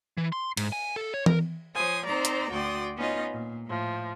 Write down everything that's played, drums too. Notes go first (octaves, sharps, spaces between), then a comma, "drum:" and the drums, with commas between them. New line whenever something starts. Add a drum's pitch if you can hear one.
E3
C6
G#2, drum: cymbal
G#5
A4
C#5
A#4, drum: tom E3
F3 C5 C#5 G#5 D#6
C4 D#4 A#4 C5 D5 A#5
drum: hi-hat
D2 F#4 D5 G5 C6 D#6
B3 C#4 D#4 F4 D#5
A#2
A2 F3